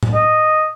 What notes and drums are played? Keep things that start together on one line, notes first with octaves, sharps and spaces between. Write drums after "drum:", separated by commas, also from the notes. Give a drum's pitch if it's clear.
drum: tom A2
D#5